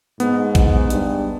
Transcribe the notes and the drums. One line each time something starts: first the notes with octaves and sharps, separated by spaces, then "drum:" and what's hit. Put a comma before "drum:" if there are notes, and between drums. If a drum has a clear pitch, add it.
G#2 B3, drum: hi-hat
drum: kick A#1, hi-hat
G2, drum: hi-hat